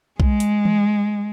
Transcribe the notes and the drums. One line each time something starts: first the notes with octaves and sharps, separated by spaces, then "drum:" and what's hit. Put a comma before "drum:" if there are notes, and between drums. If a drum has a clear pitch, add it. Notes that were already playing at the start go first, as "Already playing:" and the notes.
G#3, drum: kick B1
drum: hi-hat
drum: tom E3